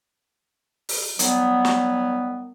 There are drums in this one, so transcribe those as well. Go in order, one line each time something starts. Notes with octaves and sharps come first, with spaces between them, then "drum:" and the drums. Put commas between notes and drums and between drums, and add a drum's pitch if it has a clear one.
drum: open hi-hat
D#3 F#3 G3 B3, drum: hi-hat
drum: snare